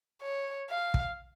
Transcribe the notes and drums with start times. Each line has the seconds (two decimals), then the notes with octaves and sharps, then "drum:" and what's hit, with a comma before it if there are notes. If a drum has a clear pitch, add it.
0.22 C#5
0.70 F5
0.94 drum: kick